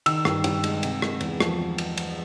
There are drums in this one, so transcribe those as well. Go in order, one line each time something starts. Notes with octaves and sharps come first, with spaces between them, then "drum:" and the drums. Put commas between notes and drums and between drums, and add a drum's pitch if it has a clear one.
D#3 E6, drum: cymbal
G2, drum: rim click
G2, drum: cymbal
G#3, drum: cymbal
C3, drum: cymbal
G#3, drum: rim click
E2, drum: cymbal
F3, drum: rim click
drum: cymbal
drum: cymbal